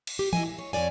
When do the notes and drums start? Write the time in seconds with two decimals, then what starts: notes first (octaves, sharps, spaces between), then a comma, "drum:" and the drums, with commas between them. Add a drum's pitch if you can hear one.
0.07 drum: cymbal
0.19 G4
0.33 E4 D#5 G#5, drum: tom E3
0.45 A#2
0.58 C#5
0.73 F2 C#5 D5 G#5